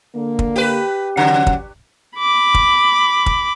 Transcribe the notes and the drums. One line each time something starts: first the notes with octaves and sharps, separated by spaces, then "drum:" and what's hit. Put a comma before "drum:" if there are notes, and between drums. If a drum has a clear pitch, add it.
D3 A#3
drum: kick
G4 B4
C#3 F#3 C#4 F#5
drum: kick
B5 D6
drum: kick
drum: kick